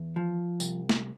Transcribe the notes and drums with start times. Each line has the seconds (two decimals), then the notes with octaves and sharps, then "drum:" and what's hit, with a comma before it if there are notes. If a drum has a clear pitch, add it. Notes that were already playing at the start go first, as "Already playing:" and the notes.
Already playing: E2
0.16 F3
0.60 C2, drum: tambourine
0.89 drum: snare